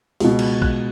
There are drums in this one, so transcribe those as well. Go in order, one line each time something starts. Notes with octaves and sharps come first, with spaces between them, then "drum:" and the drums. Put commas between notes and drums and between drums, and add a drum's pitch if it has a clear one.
C#2 B2, drum: open hi-hat
drum: cymbal
F#6, drum: kick